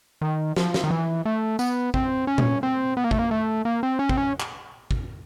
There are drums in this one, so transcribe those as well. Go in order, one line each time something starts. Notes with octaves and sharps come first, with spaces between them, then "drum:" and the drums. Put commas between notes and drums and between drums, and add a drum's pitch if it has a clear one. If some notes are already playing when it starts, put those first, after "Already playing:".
D#3
F3, drum: snare
drum: snare
D#3
E3
A3
B3, drum: tambourine
C4, drum: kick
C#4
drum: tom A#2
C4
B3
A#3
A3, drum: kick
A#3
A3
A#3
C4
C#4
C4, drum: kick
C#4
drum: clap
drum: kick